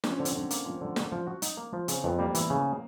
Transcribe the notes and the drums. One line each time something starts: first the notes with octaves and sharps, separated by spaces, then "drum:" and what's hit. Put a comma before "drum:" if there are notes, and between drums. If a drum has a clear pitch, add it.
F3 D4, drum: snare
C#4
D3 C4
C#4, drum: hi-hat
D3
A#3, drum: hi-hat
F3
D3
A#3, drum: snare
F3
F#4
D#4, drum: hi-hat
A#3
F3
C#3 C4, drum: hi-hat
F2 B3
G3 A#3
E3, drum: hi-hat
C#3